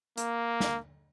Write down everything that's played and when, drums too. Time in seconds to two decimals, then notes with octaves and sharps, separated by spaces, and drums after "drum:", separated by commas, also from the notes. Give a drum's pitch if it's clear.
0.17 A#3, drum: hi-hat
0.60 drum: snare